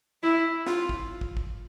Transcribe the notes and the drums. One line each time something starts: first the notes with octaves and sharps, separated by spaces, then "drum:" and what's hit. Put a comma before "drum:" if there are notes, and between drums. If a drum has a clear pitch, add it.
E4
F4, drum: snare
drum: kick
drum: kick
drum: kick